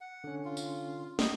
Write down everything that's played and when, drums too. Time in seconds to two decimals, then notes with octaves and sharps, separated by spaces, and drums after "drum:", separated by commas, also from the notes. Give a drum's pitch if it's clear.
0.01 F#5
0.24 D3 C#4
0.45 F4
0.57 drum: tambourine
1.19 G3 D#5, drum: snare